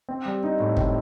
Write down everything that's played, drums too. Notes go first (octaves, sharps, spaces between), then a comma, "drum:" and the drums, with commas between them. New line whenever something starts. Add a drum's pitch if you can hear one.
C4
G3
D#4
A2
C4, drum: kick